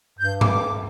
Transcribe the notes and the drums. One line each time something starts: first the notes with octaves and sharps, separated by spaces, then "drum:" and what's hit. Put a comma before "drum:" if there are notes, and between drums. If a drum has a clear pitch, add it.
G2 G6
D6, drum: tom G2